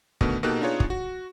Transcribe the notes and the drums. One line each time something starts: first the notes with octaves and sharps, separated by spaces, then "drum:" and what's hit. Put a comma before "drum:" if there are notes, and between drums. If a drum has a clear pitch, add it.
B2 D3 D#3 A3 B3, drum: kick
B2 A#3 D#4 G4 A4 F#6
B3 D4 D#4 F4 G#4 C#5
drum: kick
F#4